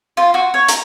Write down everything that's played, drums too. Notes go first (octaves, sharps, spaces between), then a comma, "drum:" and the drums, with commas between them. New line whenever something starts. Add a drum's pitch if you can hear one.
F4
F#4
C#5
A#5, drum: hi-hat